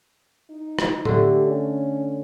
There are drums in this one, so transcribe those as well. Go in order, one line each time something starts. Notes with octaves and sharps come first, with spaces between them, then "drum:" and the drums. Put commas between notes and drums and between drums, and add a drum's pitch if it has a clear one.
D#4
drum: rim click
D3 A3 G4, drum: tom A2
C#4